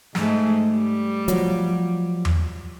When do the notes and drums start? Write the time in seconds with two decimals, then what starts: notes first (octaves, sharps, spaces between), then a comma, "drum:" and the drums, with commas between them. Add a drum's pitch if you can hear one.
0.15 G#2 G#3 A3, drum: snare
0.70 G3
1.28 F3 F#3, drum: hi-hat
2.25 drum: tom E2